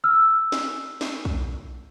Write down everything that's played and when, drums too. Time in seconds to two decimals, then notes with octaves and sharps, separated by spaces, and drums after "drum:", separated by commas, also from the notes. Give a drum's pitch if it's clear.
0.04 E6 F6
0.52 drum: snare
1.01 drum: snare
1.25 drum: kick